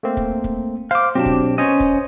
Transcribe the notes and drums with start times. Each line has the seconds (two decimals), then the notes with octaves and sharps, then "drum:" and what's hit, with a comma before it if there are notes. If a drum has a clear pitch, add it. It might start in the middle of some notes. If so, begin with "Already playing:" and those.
0.03 A3 A#3 C4
0.17 drum: kick
0.44 drum: kick
0.91 C5 F5 D6
1.15 B2 F#3 C4 D4 G4
1.26 drum: kick
1.58 B3 C#4 C5 C#5 D#5
1.80 drum: kick